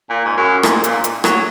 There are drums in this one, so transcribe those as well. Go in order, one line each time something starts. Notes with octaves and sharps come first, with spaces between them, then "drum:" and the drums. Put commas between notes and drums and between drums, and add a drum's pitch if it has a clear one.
A#2
G#2
F#2
G#2, drum: rim click
A#2, drum: hi-hat
drum: hi-hat
F#3, drum: rim click